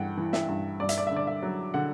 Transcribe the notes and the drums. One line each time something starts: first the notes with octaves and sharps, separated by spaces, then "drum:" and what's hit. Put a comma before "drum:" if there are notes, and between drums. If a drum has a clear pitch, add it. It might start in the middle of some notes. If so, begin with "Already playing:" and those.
Already playing: G2 E3 F#5 G5
E3
E5, drum: snare
G2
G2 D5
E5, drum: hi-hat
D5
E5
D3
D5
E5
F#3
D3 F#5